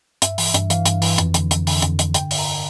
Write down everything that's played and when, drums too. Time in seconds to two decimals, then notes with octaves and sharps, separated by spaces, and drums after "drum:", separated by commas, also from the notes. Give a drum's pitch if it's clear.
0.22 G2 E5, drum: hi-hat
0.38 E3, drum: open hi-hat
0.54 G2, drum: hi-hat
0.70 E3 F5, drum: hi-hat
0.85 G2, drum: hi-hat
1.02 E3, drum: open hi-hat
1.18 F2, drum: hi-hat
1.34 D3, drum: hi-hat
1.51 F2, drum: hi-hat
1.67 D3, drum: open hi-hat
1.82 F2, drum: hi-hat
1.99 D3, drum: hi-hat
2.14 G2 G5, drum: hi-hat
2.31 D3, drum: open hi-hat
2.39 A#5